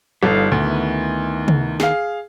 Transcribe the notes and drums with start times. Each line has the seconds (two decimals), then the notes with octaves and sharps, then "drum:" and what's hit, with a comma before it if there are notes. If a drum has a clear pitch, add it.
0.23 G1 G3 D#4 A4 F5
0.51 D2 D#3 B3 E4
1.48 drum: tom C3
1.80 G#4 F5, drum: snare